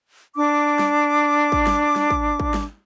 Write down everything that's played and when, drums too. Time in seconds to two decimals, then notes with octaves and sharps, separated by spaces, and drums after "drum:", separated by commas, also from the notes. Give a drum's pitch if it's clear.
0.36 D4 D6
0.79 drum: snare
1.52 drum: kick
1.67 drum: snare
1.96 drum: snare
2.10 drum: kick
2.40 drum: kick
2.54 drum: snare